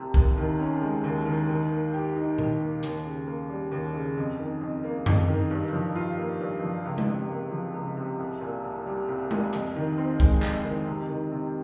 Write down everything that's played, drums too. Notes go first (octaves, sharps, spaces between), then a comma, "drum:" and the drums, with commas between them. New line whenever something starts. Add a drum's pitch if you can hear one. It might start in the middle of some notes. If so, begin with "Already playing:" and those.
Already playing: C2 C3
D#2, drum: kick
D#3
C#4
G#3
D#2
D#3
D#3
A#3
G4
D#4
D#3, drum: tom A#2
A#3
D#2, drum: hi-hat
C#3
A#3
G3
D#2
C#3
F2
D#3
F2
A#3
F2, drum: tom F#2
D#3
G2
F3
F4
A#3
G2
F3
C#2
drum: tom G#3
C3
A#3
F3
C#2
C3
C2
A#2
C2
G3
C2
A#2, drum: tom G#3
F2, drum: hi-hat
D#3
C4
G#3, drum: kick
F2, drum: clap
D#3, drum: tambourine
C3
D#3
C3